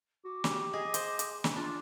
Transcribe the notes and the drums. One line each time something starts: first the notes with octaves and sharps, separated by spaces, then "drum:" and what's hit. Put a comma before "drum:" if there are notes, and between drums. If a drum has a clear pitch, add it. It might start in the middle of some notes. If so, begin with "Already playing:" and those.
F#4 D6
G3, drum: snare
G#4 D#5
C5, drum: hi-hat
drum: hi-hat
drum: snare
D4 F4